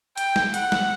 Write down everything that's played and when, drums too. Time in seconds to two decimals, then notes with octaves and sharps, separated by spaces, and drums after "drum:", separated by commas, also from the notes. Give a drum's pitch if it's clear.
0.17 G5, drum: hi-hat
0.36 drum: snare
0.54 F#5, drum: hi-hat
0.72 drum: snare